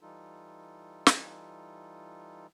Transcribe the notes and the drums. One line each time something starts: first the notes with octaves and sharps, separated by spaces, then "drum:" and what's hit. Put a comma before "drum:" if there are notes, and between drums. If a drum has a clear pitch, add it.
E3 G3 D#4 F4 A4
drum: snare